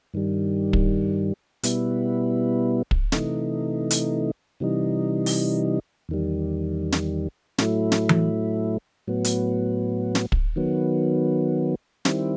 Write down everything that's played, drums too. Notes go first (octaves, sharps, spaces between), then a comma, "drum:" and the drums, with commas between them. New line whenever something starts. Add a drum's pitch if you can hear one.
G2 D#3 G3
drum: kick
B2 G3 B3 E4, drum: hi-hat
drum: kick
C3 E3 A3 D#4, drum: snare
drum: hi-hat
C3 E3 G3 D#4
drum: open hi-hat
E2 D#3 G3
drum: snare
A2 F#3 A3 E4, drum: snare
drum: snare
drum: tom E3
A2 F#3 B3
drum: hi-hat
drum: snare
drum: kick
D#3 F#3 B3
D#3 G3 C4 E4, drum: snare